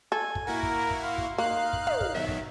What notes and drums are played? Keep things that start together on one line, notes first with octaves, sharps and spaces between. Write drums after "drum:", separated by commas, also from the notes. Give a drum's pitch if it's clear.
A4 G#5
drum: kick
A#3 E4 F#4 A#4
drum: kick
drum: kick
F5 C6
drum: kick
A#3 D#4 F5 F#6
drum: kick
drum: tom
drum: kick
B2 D#3 F#3 E5
drum: kick